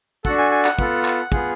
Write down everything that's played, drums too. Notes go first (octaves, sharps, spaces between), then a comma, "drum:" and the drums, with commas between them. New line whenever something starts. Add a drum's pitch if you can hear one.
D4 F#4 A4 F#5, drum: kick
G#5
G#5
F#5, drum: clap
B3 F4 A4, drum: kick
drum: clap
B3 F4 G#4, drum: kick